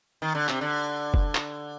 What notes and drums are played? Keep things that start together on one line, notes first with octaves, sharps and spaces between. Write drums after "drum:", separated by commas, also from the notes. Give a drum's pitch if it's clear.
D#3
D3
C3, drum: clap
D3
drum: kick
drum: clap